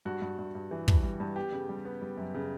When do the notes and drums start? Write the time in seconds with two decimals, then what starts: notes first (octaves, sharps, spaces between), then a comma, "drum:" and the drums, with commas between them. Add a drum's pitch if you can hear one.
0.05 G2 F#4
0.22 G2
0.39 G2
0.55 G2
0.71 E3
0.88 G2, drum: kick
1.03 G3
1.20 G2
1.36 B3 G4
1.52 C#3
1.69 G3
1.85 B3
2.02 G3
2.17 F#2
2.35 C#3